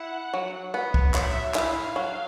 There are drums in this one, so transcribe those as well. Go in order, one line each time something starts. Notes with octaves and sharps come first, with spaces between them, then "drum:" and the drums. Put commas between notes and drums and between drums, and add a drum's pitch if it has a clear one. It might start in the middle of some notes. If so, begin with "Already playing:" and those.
Already playing: E4 F#5
F#3
B3
drum: kick C2
F#3 E5, drum: clap
E4 F5, drum: clap
F#3